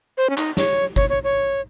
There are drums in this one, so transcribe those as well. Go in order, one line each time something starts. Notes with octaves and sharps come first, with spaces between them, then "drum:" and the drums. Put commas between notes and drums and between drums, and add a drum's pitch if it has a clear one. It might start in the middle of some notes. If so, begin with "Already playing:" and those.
C5
C#4
D#4, drum: clap
C#5, drum: snare
C#5, drum: kick G1
C#5
C#5